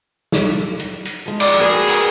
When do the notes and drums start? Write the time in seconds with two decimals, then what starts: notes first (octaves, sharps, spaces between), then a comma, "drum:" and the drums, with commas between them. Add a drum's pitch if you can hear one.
0.32 drum: snare
0.79 drum: hi-hat
1.05 drum: hi-hat
1.26 F3 G#3
1.40 D5, drum: cymbal
1.60 F#4 G#4 A#4 B4
1.88 drum: cymbal